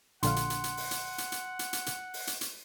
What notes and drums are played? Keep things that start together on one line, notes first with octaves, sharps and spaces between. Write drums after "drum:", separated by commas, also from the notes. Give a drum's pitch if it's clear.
A#1 D3 F5 F#5 C6, drum: hi-hat
drum: hi-hat
drum: hi-hat
drum: hi-hat
drum: open hi-hat
drum: hi-hat
drum: hi-hat
drum: hi-hat
drum: hi-hat
drum: hi-hat
drum: hi-hat
drum: open hi-hat
drum: hi-hat
drum: hi-hat